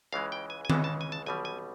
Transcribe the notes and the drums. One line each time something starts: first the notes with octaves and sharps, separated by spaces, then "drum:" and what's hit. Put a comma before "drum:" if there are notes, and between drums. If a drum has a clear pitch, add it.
C#2 C#3 E3 G#3 F5
G5
G#5
G#5
C#2 C#3 E3 G#3 A5, drum: tom D#3
A5
G#5
A5
B1 B2 G3 G#5
G#5